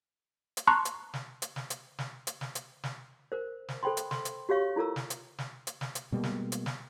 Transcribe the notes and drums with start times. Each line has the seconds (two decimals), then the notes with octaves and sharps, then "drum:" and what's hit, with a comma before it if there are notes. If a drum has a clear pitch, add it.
0.57 drum: hi-hat
0.67 A5 A#5 C6 C#6 F#6
0.85 drum: hi-hat
1.14 drum: snare
1.42 drum: hi-hat
1.56 drum: snare
1.70 drum: hi-hat
1.99 drum: snare
2.27 drum: hi-hat
2.41 drum: snare
2.55 drum: hi-hat
2.84 drum: snare
3.32 A#4 C5
3.69 drum: snare
3.83 A4 C5 G5 B5 C6
3.97 drum: hi-hat
4.11 C6, drum: snare
4.25 drum: hi-hat
4.49 F#4 G4 C#5 F5 C#6
4.76 E4 F4 A4 A#4 E6
4.96 drum: snare
5.10 drum: hi-hat
5.38 drum: snare
5.67 drum: hi-hat
5.81 drum: snare
5.95 drum: hi-hat
6.12 B2 G3 G#3 A#3
6.23 drum: snare
6.52 drum: hi-hat
6.66 drum: snare